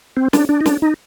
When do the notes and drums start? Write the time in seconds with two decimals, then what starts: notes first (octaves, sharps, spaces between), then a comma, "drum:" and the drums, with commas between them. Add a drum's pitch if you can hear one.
0.17 C4
0.33 D4, drum: snare
0.49 D4
0.61 D#4
0.66 D4, drum: snare
0.82 D#4